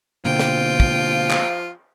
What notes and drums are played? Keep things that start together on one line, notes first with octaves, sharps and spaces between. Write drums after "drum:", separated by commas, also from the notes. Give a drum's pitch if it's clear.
B2 D3 A#3 C4 F4 G5
drum: snare
F3, drum: kick
drum: clap